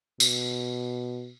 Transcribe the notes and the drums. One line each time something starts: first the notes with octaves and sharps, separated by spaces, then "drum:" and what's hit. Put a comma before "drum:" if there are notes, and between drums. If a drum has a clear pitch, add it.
B2, drum: tambourine